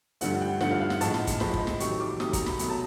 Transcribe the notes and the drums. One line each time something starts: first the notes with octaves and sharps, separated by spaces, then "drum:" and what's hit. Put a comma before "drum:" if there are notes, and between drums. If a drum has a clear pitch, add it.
G2 D3 F3 A3 F#5, drum: hi-hat
G5
G2 D3 F3 A3 F#5, drum: snare
F5
F5
F#5, drum: snare
A2 F3 G#3 A5, drum: hi-hat
drum: snare
drum: kick, hi-hat
A2 F3 G#3 B5, drum: snare
drum: kick
drum: snare
C3 D#3 F#3 A3 C#6, drum: hi-hat
D6
C3 D#3 F#3 A3 D#6, drum: snare
A#5, drum: kick, hi-hat
B5, drum: snare
B2 F#3 A3 A#5, drum: hi-hat
A5